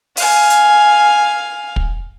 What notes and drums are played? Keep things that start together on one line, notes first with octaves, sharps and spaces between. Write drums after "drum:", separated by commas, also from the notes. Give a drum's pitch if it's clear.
F5 G#5, drum: open hi-hat
drum: hi-hat
drum: kick